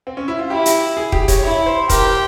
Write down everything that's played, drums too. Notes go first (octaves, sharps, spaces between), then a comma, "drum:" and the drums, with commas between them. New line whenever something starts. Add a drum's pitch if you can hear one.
C4
C#4
E4
F4
E4 G4
drum: hi-hat
G#4
G4, drum: kick
C#5, drum: kick, hi-hat
E4 C#5
C5
G4 A#4, drum: kick, hi-hat
C5